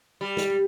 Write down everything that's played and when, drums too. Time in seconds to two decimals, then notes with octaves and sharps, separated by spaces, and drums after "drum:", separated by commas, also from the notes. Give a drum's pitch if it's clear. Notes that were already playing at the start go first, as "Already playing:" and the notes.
0.21 G3
0.37 drum: snare